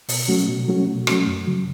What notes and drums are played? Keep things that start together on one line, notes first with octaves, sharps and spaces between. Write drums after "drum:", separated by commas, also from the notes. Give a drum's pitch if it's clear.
B2, drum: open hi-hat
F#3 A3 C#4 F#4
B2
F#3 A3 C#4 F#4
B2
F#3 A3 C#4 F#4, drum: rim click
F#2
C#3 F#3